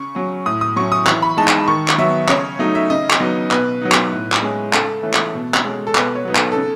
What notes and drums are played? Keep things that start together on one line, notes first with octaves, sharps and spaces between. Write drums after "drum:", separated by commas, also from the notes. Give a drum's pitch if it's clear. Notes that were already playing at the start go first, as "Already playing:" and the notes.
Already playing: C#3 C#6
F#3 C#4
A2 D#6
D#6
F#3 C#4 C#6
D#6
E3 C#6, drum: clap
B5
G#3 D#4 A5
drum: clap
D#3 C#6
drum: clap
F#3 B3 E5
C#3 C#5, drum: clap
F#3 A3 D#4
E5
C#3 D#5
drum: clap
F#3 B3 D#4
B2 B4, drum: clap
F#3 B3 D#4
drum: clap
A2
drum: clap
G#3 C#4
C#3 A4, drum: clap
E3 A3 C#4
drum: clap
B2
drum: clap
G#3 C#4
A4
B2 B4, drum: clap
C#5
F#3 B3 D#4
A4, drum: clap
C#3 A4